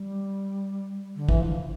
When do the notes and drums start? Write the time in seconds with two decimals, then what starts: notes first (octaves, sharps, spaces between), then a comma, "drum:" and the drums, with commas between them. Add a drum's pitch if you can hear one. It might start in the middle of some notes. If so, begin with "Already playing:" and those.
Already playing: G3
1.15 D3
1.29 E3, drum: kick
1.41 F3